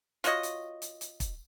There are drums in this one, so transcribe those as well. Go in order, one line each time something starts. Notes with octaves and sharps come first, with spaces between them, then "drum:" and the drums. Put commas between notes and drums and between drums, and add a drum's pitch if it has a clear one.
F4 F#4 C#5 D#5, drum: hi-hat
drum: hi-hat
drum: hi-hat
drum: hi-hat
drum: kick, hi-hat